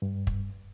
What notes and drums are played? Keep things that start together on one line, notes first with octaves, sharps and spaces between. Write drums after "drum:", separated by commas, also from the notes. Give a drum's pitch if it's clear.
G2
drum: kick